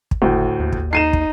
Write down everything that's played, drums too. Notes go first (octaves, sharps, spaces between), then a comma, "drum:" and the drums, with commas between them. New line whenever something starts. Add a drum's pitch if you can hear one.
drum: kick
F#1 D2 A2
D#2
drum: kick
D#4 C7 D#7 E7
drum: kick